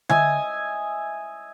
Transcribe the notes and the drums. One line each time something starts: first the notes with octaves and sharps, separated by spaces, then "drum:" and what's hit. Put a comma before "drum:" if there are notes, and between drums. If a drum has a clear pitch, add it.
D#5 E5 G#5, drum: tom D3